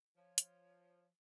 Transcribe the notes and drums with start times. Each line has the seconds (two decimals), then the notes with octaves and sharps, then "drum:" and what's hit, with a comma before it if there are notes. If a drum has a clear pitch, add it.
0.17 F3 C#5
0.38 drum: hi-hat